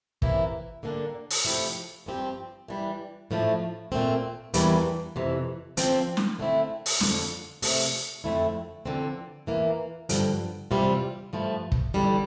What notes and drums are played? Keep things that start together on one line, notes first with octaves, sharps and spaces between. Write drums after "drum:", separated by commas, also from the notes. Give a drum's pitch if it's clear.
C3 E3 A#3 E4, drum: kick
D3 G3 A#3 D4
drum: open hi-hat
C3 F3 A3 E4 G4
G2 F3 C4 G4
E3 G3 D4
A2 F3 A3 D4
A#2 A3 C4
E2 E3 G3 A#3 D4, drum: hi-hat
F2 C3 E3
D3 F3 C4, drum: hi-hat
drum: snare
D3 A3 C4 E4
drum: open hi-hat
F2 D3 F3, drum: snare
C3 F3 A3, drum: open hi-hat
F2 D3 A3 C4 E4
E2 D3 F3 C4
E2 E3 A#3
G2 D3 F3, drum: hi-hat
E2 C3 G3 C4 F4
G2 F3 A3
drum: kick
E2 D3 G3